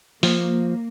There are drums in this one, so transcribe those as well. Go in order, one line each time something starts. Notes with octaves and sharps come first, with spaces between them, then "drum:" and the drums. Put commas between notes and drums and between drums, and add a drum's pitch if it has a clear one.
F3 A#3, drum: open hi-hat